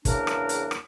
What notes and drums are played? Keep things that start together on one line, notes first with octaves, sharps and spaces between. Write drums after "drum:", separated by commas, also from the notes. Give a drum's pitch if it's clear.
E2 C#3 A#3 D4 A#4, drum: kick, hi-hat
drum: rim click
drum: hi-hat
drum: rim click